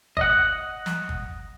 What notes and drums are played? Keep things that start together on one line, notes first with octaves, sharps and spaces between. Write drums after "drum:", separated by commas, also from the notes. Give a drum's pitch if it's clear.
D#5 F#5, drum: kick G1
drum: snare
drum: kick G1